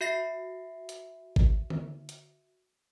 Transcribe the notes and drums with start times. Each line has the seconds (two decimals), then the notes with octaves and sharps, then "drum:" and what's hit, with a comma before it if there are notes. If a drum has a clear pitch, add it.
0.01 F#4 E5 A#6 C7
0.89 drum: hi-hat
1.36 drum: kick G#1
1.70 drum: tom D3
2.09 drum: hi-hat